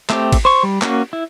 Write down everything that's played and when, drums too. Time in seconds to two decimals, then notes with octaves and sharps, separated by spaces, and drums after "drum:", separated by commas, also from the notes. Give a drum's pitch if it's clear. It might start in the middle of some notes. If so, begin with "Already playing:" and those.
0.10 A3 C4 G4, drum: clap
0.32 drum: kick, cymbal
0.45 C5 C#6
0.63 G3
0.82 A#3 C#4 F#4, drum: clap
1.13 E4